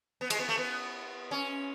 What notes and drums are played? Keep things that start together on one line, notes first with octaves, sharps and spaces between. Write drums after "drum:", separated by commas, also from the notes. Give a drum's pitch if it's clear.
B3
G#3, drum: cymbal
B3
A3
B3
C#4